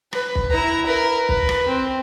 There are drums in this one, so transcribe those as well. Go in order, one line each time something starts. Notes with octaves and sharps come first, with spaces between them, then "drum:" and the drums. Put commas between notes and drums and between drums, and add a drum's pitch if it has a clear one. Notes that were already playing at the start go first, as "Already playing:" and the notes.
B4, drum: rim click
drum: kick
E4 A#5
A#4 B4
B4, drum: kick
drum: rim click
C4